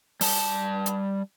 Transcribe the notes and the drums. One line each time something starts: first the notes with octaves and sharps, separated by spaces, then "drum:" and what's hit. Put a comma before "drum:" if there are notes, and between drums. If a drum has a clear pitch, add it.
G3 A5, drum: open hi-hat
drum: hi-hat